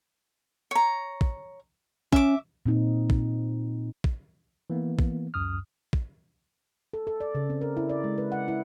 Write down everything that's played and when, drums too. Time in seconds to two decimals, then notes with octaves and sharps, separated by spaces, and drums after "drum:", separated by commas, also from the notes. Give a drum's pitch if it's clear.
0.71 C#5 A#5
1.21 drum: kick
2.12 C#4 E5 D6, drum: kick
2.66 A#2 C4 D#4
3.10 drum: kick
4.04 drum: kick
4.70 E3 A#3 B3
4.99 drum: kick
5.34 C#2 F#2 D#6 F6
5.93 drum: kick
6.94 A4
7.07 A4
7.21 D5
7.35 C#3
7.50 C4
7.61 A#4
7.77 E4
7.90 D5
8.04 G#3
8.18 B4
8.32 F#5
8.48 E4